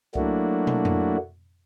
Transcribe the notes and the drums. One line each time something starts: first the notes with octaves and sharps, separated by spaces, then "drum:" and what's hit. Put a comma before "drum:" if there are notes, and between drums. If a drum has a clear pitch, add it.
F#3 A3 A#3 D4 E4 F#4, drum: kick C2
drum: tom
drum: tom F2